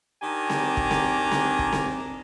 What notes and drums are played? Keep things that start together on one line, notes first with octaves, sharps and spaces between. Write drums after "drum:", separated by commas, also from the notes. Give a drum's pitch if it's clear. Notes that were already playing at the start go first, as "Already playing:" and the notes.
D#3 D4 G4 G#5 A#5
drum: snare C4
drum: kick
drum: snare C4
drum: snare C4
drum: kick
drum: snare C4